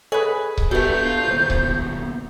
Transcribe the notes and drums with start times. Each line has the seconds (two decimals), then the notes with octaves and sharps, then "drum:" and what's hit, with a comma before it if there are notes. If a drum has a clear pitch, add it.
0.12 G#4 A4 B4 C#5 D#5
0.58 drum: kick C#1
0.71 A3 B3 D4 F#4 G4 A4 B4 G6
1.04 F4
1.26 D#2 B2 B4 C5
1.50 drum: kick C#1